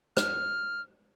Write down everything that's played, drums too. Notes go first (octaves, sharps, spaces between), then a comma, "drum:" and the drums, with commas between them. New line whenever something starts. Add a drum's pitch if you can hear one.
F6, drum: rim click